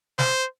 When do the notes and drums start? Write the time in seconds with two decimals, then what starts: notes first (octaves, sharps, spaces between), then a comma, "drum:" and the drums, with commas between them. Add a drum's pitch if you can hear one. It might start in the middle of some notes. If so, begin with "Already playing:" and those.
0.19 C5, drum: snare